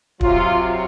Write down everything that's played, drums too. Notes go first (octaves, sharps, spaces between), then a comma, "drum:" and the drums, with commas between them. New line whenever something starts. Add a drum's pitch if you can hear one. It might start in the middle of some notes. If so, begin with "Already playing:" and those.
C3 F#3 F4, drum: kick